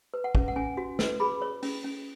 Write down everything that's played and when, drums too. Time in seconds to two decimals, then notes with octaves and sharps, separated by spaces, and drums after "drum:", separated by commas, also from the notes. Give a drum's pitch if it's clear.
0.14 B4
0.24 F#5
0.35 C#4, drum: kick
0.48 F#5
0.56 C#4 G#5
0.77 F#4
0.99 B4, drum: snare
1.20 G#4 B5
1.42 C#5
1.63 C#4, drum: open hi-hat
1.84 C#4